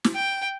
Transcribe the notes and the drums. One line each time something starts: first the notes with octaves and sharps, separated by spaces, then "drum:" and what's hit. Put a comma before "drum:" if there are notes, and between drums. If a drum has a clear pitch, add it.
drum: snare
G5